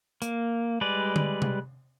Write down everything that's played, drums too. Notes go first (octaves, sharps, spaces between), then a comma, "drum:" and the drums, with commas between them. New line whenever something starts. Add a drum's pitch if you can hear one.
A#3, drum: hi-hat
G3 G#3 B4 D5
drum: tom D3
drum: tom C3